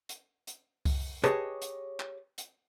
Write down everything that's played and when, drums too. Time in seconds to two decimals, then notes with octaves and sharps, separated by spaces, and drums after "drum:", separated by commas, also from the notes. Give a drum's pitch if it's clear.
0.09 drum: hi-hat
0.47 drum: hi-hat
0.85 drum: kick C2, open hi-hat
1.24 G4 G#4 B4 C#5 D#5 A5, drum: hi-hat
1.62 drum: hi-hat
2.00 drum: clap
2.38 drum: hi-hat